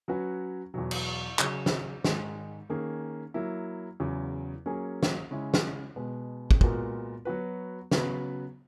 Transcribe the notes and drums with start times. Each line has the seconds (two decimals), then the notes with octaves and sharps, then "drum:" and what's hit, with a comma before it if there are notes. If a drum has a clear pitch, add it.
0.08 F#3 C#4 F#4 B4
0.74 E2 B2 F#3
0.91 drum: cymbal
1.39 C#3 F#3 C#4 G#4, drum: clap
1.66 drum: snare
2.04 G#2 D#3 G#3, drum: snare
2.70 D#3 A#3 C#4 G#4
3.34 F#3 A#3 E4
4.00 E2 C#3 F#3
4.66 F#3 A#3 C#4 G#4
5.03 drum: snare
5.31 C#3 G#3 C#4 E4
5.54 drum: snare
5.96 B2 G#3 B3
6.51 drum: kick
6.61 A#2 G#3 B3 F#4 A#4, drum: kick
7.25 F#3 B3 F#4 B4
7.91 C#3 F#3 B3 F#4 B4, drum: snare